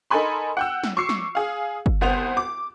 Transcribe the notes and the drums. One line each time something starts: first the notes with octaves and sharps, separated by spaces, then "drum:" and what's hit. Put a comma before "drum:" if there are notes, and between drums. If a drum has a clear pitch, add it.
D#4 A4 A#4 G#5 B5 C6
F#5 G5 E6
drum: snare
C#6 D6 E6 C7 C#7
drum: snare
G#4 F5
drum: kick
C2 B3 C5 F7
D6